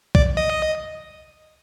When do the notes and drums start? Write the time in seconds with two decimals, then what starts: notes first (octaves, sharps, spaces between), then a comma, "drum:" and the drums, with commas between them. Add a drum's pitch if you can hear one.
0.15 D5, drum: kick B1
0.37 D#5